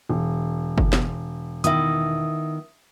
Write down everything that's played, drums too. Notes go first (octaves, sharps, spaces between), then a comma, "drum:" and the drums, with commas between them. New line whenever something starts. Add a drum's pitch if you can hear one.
E1
drum: kick F#1
drum: snare
D#3 B3 E4 E5 D#6, drum: hi-hat